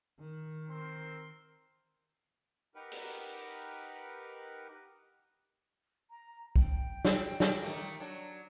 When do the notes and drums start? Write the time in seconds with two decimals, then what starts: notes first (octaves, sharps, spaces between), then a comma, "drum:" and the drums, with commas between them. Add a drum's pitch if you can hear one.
0.20 D#3
0.69 C4 A#4 C6
2.75 D#4 G4 A#4 B4 F#5
2.91 drum: open hi-hat
6.11 A#5
6.56 G5, drum: kick
7.05 drum: snare
7.40 drum: snare
7.62 D#3 A3 A#3
8.00 F#3 D4